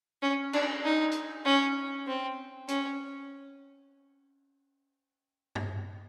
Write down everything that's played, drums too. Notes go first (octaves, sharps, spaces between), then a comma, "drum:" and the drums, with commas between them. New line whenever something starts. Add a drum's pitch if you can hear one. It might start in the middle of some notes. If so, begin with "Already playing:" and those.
C#4
D4, drum: cymbal
D#4
drum: hi-hat
C#4
C4
C#4, drum: hi-hat
drum: tom G2